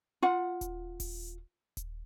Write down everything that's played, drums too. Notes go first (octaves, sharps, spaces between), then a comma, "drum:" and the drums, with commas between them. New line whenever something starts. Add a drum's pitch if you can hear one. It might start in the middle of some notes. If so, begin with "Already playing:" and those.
F4 F#5
drum: kick D#1, hi-hat
drum: kick D#1, open hi-hat
drum: kick D#1, hi-hat